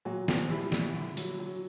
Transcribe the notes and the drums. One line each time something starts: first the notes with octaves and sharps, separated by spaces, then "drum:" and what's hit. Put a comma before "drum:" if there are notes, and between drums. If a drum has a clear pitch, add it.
A#2 F#3 F#4
A#2 F3 F4, drum: snare
G3 E4
A#2, drum: snare
D3
F#3, drum: hi-hat
F#3